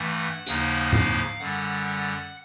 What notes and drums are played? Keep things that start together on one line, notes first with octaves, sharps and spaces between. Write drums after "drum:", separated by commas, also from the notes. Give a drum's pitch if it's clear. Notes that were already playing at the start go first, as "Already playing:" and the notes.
Already playing: G2 E3 A3 F#5
D#2 C#3 F3 A#3 D#4, drum: hi-hat
F5, drum: tom G#2
F#2 D3 G3 F#5